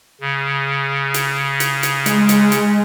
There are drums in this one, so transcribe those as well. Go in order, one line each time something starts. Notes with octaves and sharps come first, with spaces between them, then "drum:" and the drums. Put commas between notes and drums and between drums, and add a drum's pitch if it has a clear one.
C#3
drum: hi-hat
drum: hi-hat
drum: hi-hat
G#3, drum: hi-hat
drum: hi-hat
drum: hi-hat